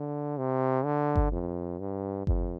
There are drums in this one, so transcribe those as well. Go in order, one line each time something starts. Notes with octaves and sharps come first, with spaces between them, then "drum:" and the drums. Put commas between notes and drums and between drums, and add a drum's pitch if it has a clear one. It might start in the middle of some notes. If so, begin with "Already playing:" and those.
Already playing: D3
C3
D3
drum: kick G1
F2
G2
F2, drum: kick G1